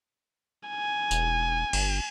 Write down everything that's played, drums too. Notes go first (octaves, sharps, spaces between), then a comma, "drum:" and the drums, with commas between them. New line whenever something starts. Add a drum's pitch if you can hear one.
G#5
E1, drum: tambourine
G1, drum: cymbal